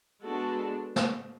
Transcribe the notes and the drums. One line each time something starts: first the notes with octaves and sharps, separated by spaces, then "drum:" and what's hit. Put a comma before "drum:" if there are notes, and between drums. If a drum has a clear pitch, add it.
G#3 B3 D4 F#4 A4
drum: snare